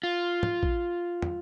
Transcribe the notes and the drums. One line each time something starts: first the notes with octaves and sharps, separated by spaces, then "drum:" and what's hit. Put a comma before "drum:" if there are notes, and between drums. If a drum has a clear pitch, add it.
F4
drum: tom
drum: kick
drum: tom